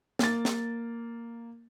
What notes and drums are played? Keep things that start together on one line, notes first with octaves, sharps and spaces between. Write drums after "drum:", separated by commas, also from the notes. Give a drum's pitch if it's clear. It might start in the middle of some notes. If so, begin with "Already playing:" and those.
A#3 A6, drum: snare
drum: snare